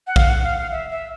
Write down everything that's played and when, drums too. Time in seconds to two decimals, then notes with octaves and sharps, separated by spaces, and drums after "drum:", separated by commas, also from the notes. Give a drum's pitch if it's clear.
0.07 F#5
0.16 F5, drum: kick A#1
0.29 F#5
0.44 F5
0.57 F5
0.71 E5
0.91 E5